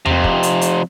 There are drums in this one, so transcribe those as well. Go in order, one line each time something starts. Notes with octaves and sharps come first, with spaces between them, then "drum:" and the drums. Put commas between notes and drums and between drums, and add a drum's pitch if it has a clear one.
F2 C3, drum: tom E2
drum: kick
drum: hi-hat
drum: hi-hat